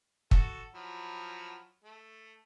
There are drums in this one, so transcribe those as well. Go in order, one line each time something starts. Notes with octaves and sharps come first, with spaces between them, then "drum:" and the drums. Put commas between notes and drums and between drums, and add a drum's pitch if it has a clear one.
F#4 A4, drum: kick
F3 F#3 E4
A3